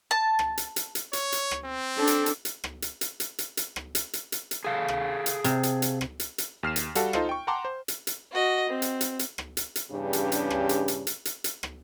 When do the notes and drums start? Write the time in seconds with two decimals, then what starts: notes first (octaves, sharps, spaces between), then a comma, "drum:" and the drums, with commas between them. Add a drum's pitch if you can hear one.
0.11 A5
0.39 drum: rim click
0.57 drum: hi-hat
0.76 drum: hi-hat
0.95 drum: hi-hat
1.13 C#5, drum: hi-hat
1.32 drum: hi-hat
1.51 drum: rim click
1.65 C4
1.97 D4 A4
2.07 drum: hi-hat
2.26 drum: hi-hat
2.45 drum: hi-hat
2.64 drum: rim click
2.82 drum: hi-hat
3.01 drum: hi-hat
3.20 drum: hi-hat
3.39 drum: hi-hat
3.57 drum: hi-hat
3.76 drum: rim click
3.95 drum: hi-hat
4.13 drum: hi-hat
4.32 drum: hi-hat
4.51 drum: hi-hat
4.64 G#4 A4 F5
4.88 drum: rim click
5.26 drum: hi-hat
5.44 C3, drum: hi-hat
5.63 drum: hi-hat
5.82 drum: hi-hat
6.01 drum: rim click
6.20 drum: hi-hat
6.38 drum: hi-hat
6.63 D#2 F6 C7 E7
6.76 drum: hi-hat
6.95 G3 F#4 A4 F5, drum: hi-hat
7.13 D#4 F4 A4 C5 D#5 F5, drum: rim click
7.29 G5 C#6
7.47 F#5 G5 A5 A#5 C6 D6
7.65 C5
7.88 drum: hi-hat
8.07 drum: hi-hat
8.31 F#4 D#5
8.69 C4
8.82 drum: hi-hat
9.01 drum: hi-hat
9.19 drum: hi-hat
9.38 drum: rim click
9.57 drum: hi-hat
9.76 drum: hi-hat
9.91 E2 G2 C#3 C#4 D4 G4
10.13 drum: hi-hat
10.32 drum: hi-hat
10.50 drum: rim click
10.69 drum: hi-hat
10.88 drum: hi-hat
11.07 drum: hi-hat
11.25 drum: hi-hat
11.44 drum: hi-hat
11.63 drum: rim click